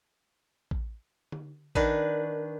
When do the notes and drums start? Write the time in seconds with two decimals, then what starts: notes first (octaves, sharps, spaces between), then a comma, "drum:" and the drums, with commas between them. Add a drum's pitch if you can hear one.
0.71 drum: kick A1
1.32 drum: tom D3
1.75 D#3 D4 B4, drum: kick A1